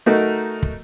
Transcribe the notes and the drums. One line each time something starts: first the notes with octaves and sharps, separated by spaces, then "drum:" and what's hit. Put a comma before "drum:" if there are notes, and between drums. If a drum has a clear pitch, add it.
A3 D#4 F#4 A#4
drum: kick